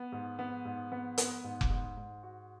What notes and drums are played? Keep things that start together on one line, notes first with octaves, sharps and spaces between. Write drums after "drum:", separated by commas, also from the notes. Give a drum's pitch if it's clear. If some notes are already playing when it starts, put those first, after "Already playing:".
Already playing: B3
G#2
B3
G#2
B3
B3, drum: hi-hat
G#2
drum: kick F1
G#2
G#2
F#4